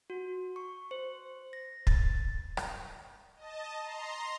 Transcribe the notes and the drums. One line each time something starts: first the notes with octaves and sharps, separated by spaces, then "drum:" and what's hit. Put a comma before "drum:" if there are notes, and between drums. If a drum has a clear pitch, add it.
F#4
C#6
C5
A#6
A6, drum: kick
drum: rim click
D#5 A5
A#5 C6